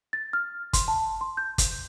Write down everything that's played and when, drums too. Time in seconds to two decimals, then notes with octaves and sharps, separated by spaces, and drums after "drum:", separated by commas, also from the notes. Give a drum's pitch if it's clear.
0.13 A6
0.33 F6
0.73 C6, drum: kick, hi-hat
0.88 A5
1.21 C6
1.37 G6
1.58 drum: kick, hi-hat